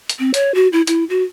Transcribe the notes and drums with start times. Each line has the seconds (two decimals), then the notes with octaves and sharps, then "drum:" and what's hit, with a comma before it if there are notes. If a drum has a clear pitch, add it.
0.09 drum: hi-hat
0.19 C4
0.34 C#5, drum: hi-hat
0.55 F#4
0.73 E4
0.87 E4, drum: hi-hat
1.10 F#4